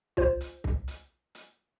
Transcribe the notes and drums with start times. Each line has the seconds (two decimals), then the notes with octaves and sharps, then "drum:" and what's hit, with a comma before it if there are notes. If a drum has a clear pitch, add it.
0.17 F4 C5, drum: kick
0.41 drum: hi-hat
0.64 drum: kick
0.88 drum: hi-hat
1.35 drum: hi-hat